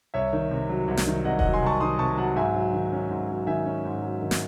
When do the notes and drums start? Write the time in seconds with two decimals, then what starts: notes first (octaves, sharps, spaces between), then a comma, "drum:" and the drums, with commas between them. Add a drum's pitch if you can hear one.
0.14 C2 C#5 E5
0.33 D#3
0.51 C3
0.69 F#3
0.88 C2
0.97 drum: snare
1.07 D#3
1.25 C3 D#5 F#5
1.39 D#5 F#5, drum: kick E1
1.44 F#3
1.53 G#5 C6
1.62 C2 A5 C#6
1.81 D#3 C6 D#6
1.99 C3 A5 C#6
2.17 F#3 F#5 A5
2.36 G#2 E5 G#5
2.55 F#3
2.73 D#3
2.93 C#4
3.11 G#2
3.29 F#3
3.47 D#3 E5 G#5
3.66 C#4
3.85 G#2
4.03 F#3
4.22 D#3
4.31 drum: snare